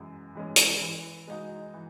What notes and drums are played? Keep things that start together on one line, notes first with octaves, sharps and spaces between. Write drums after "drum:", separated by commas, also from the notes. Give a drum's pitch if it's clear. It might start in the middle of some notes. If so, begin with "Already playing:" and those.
Already playing: F#2 E3 G#3
E3 G#3 C#4
drum: hi-hat
E3
G#3 D#4 F#4
E3